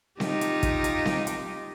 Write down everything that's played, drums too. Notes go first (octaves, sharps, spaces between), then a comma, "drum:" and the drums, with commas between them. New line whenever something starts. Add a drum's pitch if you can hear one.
D#4 F4 G4, drum: snare C4
drum: hi-hat
drum: kick, hi-hat
drum: hi-hat
drum: snare C4
drum: hi-hat